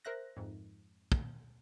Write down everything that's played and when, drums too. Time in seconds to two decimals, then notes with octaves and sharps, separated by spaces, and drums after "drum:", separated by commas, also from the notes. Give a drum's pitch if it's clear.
0.05 A#4 C5 E5 F#6 A#6
0.36 F2 G#2
1.12 drum: kick